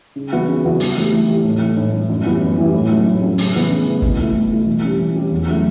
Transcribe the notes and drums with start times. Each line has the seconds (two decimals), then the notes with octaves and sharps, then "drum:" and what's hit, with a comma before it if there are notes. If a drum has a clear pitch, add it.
0.16 C#3
0.32 E3 B3 F#4
0.48 C#3
0.65 E3 B3 F#4
0.80 E3, drum: open hi-hat
0.97 A3 E4 G4
1.12 E3
1.28 A3 E4 G4
1.44 A2
1.60 E3 A3
1.77 A2
1.93 E3 A3
2.10 F#2
2.25 E3 B3 E4 G4
2.41 F#2
2.58 E3 B3 E4 G4
2.74 A2
2.89 F#3 A3 C#4
3.06 A2
3.22 F#3 A3 C#4
3.38 C#3, drum: open hi-hat
3.55 E3 B3
3.70 C#3
3.86 E3 B3
4.02 B2, drum: kick F#1
4.19 A3 E4
4.34 B2
4.50 A3 E4
4.67 E3
4.83 G3 C#4 G4
4.99 E3
5.15 G3 C#4 G4
5.31 E2
5.48 C#3 F#3 A3 E4